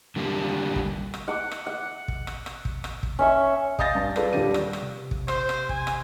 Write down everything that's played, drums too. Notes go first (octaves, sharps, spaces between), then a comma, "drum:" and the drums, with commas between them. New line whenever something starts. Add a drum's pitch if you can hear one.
D3 G3 A#3
drum: kick
drum: rim click
F#5 D6
drum: rim click
F#5
drum: kick
drum: rim click
drum: rim click
drum: kick
drum: rim click
drum: kick
C#4 E5 C#6
D#5 F5 D#6 G6 A6 A#6, drum: kick
G2
F4 G#4 A4 B4 D5 F5, drum: rim click
D#1 F3 G3 D4 G4 D#7
drum: rim click
drum: rim click
C3
drum: kick
C5, drum: rim click
drum: rim click
G#5, drum: kick
drum: rim click